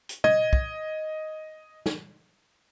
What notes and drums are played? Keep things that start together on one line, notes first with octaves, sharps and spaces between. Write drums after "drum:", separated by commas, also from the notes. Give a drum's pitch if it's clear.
drum: hi-hat
D#5 G#6, drum: tom
drum: kick
drum: snare